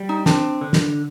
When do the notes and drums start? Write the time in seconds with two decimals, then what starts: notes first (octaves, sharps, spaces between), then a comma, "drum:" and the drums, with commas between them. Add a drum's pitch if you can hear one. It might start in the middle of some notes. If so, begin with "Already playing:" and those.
Already playing: G3
0.09 D#4
0.26 C4 D4, drum: snare
0.61 D3
0.73 drum: snare